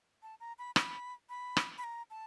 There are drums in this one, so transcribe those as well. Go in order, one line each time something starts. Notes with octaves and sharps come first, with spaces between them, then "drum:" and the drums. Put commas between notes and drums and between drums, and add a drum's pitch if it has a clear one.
A5
A#5
B5
B5, drum: rim click
B5
drum: rim click
B5
A#5
A5